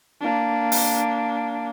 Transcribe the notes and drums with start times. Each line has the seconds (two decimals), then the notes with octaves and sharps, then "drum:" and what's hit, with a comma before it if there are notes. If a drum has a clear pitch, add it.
0.21 A#3 D4
0.72 drum: open hi-hat